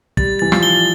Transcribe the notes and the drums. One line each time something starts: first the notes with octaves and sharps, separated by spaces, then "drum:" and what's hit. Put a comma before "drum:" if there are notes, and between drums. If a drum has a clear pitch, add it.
G3 A6, drum: kick
E3 A6
F3, drum: rim click
G7